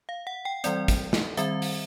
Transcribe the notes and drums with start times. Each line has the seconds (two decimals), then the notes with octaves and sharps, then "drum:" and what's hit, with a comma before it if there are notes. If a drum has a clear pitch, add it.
0.09 F5
0.27 F#5
0.45 G5
0.64 E3 G3 C4 D5, drum: hi-hat
0.88 drum: kick, hi-hat
1.13 drum: snare
1.37 D#3 G3 C4 E5, drum: hi-hat
1.62 drum: open hi-hat